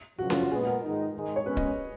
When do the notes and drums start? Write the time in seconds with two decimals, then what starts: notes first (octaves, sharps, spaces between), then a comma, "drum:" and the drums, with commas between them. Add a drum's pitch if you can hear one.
0.19 F#2 C#3 F3 F#4
0.30 F4, drum: snare C#4
0.41 F#4
0.51 A#2 G#3 B3 G#4
0.67 A#4
0.83 G#2 D#3 G#3 D#4
1.13 G#2 D#3 G#3
1.36 C#5
1.45 B2 G#3 C#4 B4
1.57 D#5, drum: kick